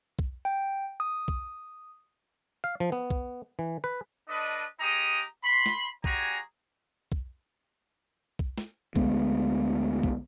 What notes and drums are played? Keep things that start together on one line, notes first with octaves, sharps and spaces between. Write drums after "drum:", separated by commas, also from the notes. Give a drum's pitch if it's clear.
drum: kick
G5
D#6
drum: kick
F5
F3
B3
drum: kick
E3
B4
D4 A4 B4 D#5
G#3 D#4 G4 G#4 A#5 D#6
B5 C6
drum: snare
G3 F#4 G#4 G#5 A#5, drum: kick
drum: kick
drum: kick
drum: snare
D2 G#3 B3, drum: kick
drum: kick